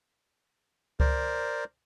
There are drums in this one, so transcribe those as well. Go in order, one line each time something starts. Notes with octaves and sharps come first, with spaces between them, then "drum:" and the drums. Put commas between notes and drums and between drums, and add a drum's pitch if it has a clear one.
A#4 C5 D5, drum: kick C#2